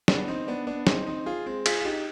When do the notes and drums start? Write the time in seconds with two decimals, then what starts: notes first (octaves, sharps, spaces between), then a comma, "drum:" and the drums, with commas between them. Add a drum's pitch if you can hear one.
0.08 B3 D4, drum: snare
0.28 C4 D#4
0.48 B3 D4
0.67 B3 D4
0.87 C4 D#4, drum: snare
1.07 C4 D#4
1.26 F4 G#4
1.46 G#3 C4
1.66 F4 G#4, drum: cymbal
1.80 F4
1.85 D#4 G4